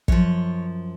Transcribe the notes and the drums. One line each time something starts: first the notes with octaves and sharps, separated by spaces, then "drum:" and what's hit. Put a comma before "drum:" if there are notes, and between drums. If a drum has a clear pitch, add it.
F#2 F3 C#5, drum: kick